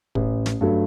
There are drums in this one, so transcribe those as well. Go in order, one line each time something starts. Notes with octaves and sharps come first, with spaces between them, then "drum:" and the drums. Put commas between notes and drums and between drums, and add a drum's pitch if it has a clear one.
A1, drum: kick
drum: snare
G2 F#3 A3